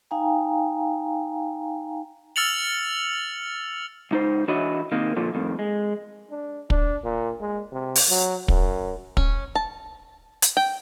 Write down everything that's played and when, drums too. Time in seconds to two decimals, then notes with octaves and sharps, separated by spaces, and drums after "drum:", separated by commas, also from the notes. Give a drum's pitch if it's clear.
0.11 D#4 F5 G5 G#5 A#5
2.36 E6 F6 A6 C#7 F7 F#7
4.11 C#2 D#4 C5
4.48 E3 D4 E4 F#4 C#5 D#5
4.92 C3 D#3 A#3
5.17 A#2 D3 F3
5.35 F2 A2 D#3
5.59 G#3
6.31 D4
6.70 D4, drum: kick
7.04 A#2
7.41 G#3
7.72 C3
7.95 drum: open hi-hat
8.10 F#3
8.48 F#2, drum: kick
9.17 C#4, drum: kick
9.55 A5
10.42 drum: hi-hat
10.57 G5